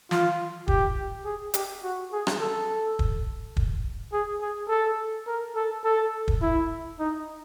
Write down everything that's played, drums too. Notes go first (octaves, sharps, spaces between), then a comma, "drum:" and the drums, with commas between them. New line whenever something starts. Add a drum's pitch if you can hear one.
F4, drum: snare
G4, drum: kick
G#4
G4, drum: hi-hat
F#4
G#4
drum: rim click
A4
drum: kick
drum: kick
G#4
G#4
A4
A#4
A4
A4
drum: kick
E4
D#4